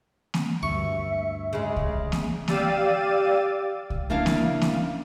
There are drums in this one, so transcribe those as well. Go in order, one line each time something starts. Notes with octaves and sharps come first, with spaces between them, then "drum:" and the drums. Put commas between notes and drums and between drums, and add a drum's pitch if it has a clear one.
drum: snare A#3
D2 G2 E5 C#6
C#3 G#3
drum: kick C2
drum: snare A#3
G4 D5 F5 E6 A6 D#7, drum: snare A#3
drum: kick C2
C#3 A#3 D4 E4 F5
drum: snare A#3
drum: snare A#3